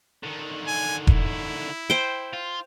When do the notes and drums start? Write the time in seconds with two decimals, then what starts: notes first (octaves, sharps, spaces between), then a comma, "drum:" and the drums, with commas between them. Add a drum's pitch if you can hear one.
0.23 D3 D#3
0.67 G#5
1.07 E4, drum: kick E1
1.90 C5 G5
2.33 F4